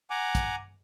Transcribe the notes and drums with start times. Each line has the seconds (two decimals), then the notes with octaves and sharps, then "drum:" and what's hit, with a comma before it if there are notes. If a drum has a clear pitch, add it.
0.10 F#5 G#5 A#5 D6
0.35 drum: kick, hi-hat